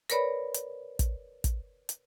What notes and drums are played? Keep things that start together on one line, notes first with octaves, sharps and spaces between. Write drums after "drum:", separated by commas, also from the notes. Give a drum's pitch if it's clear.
A#4 B4 C#5 D5 B5, drum: hi-hat
drum: hi-hat
drum: kick, hi-hat
drum: kick, hi-hat
drum: hi-hat